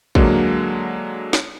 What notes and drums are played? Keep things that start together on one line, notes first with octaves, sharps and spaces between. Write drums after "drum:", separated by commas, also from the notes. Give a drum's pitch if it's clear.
D3 F#3 G#3 A#3, drum: kick
drum: snare